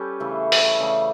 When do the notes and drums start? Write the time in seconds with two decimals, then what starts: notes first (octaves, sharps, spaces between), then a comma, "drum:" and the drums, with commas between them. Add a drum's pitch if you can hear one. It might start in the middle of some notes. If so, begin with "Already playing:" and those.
Already playing: G3 C#4 G4 A4 B4
0.20 C#3 E3 A3
0.52 drum: open hi-hat
0.68 C#5
0.80 C#3 E3 A3 D5